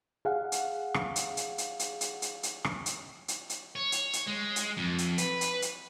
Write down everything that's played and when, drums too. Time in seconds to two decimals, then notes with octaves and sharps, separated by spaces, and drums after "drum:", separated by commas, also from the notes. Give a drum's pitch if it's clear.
0.25 G#4 F5 F#5
0.52 drum: hi-hat
0.94 drum: rim click
1.16 drum: hi-hat
1.37 drum: hi-hat
1.58 drum: hi-hat
1.79 drum: hi-hat
2.01 drum: hi-hat
2.22 drum: hi-hat
2.43 drum: hi-hat
2.64 drum: rim click
2.86 drum: hi-hat
3.28 drum: hi-hat
3.50 drum: hi-hat
3.75 C#5
3.92 drum: hi-hat
4.13 drum: hi-hat
4.27 G#3
4.56 drum: hi-hat
4.77 F2
4.98 drum: hi-hat
5.18 B4, drum: hi-hat
5.41 drum: hi-hat
5.62 drum: hi-hat